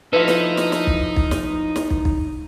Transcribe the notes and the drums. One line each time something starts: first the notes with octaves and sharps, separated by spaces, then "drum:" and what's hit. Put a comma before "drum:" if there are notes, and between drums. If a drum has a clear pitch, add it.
F3 D#4 E4 A4 B4 F5
drum: snare
drum: snare
drum: snare
drum: kick
drum: kick
drum: snare
drum: snare
drum: kick
drum: kick